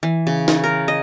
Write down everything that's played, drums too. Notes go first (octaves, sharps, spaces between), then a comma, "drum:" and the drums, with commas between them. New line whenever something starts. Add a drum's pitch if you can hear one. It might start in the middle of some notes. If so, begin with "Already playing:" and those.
E3
C#3
drum: snare
A#4
D#5